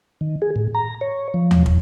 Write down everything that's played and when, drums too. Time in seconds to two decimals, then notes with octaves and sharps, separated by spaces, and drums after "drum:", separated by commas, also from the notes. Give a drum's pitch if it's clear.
0.21 D#3
0.42 G#4
0.56 A2
0.75 A#5
1.01 C#5
1.34 F3
1.51 drum: tom D#2
1.66 E2, drum: kick